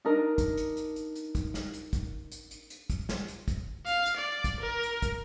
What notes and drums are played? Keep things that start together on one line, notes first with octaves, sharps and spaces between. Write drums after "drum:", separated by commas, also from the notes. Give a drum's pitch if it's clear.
D4 D#4 A#4
drum: kick, hi-hat
drum: hi-hat
drum: hi-hat
drum: hi-hat
drum: hi-hat
drum: kick, hi-hat
drum: snare
drum: hi-hat
drum: kick, hi-hat
drum: hi-hat
drum: hi-hat
drum: hi-hat
drum: kick, hi-hat
drum: snare
drum: hi-hat
drum: kick, hi-hat
F5, drum: hi-hat
drum: hi-hat
D5
drum: kick, hi-hat
A#4
drum: hi-hat
drum: kick, hi-hat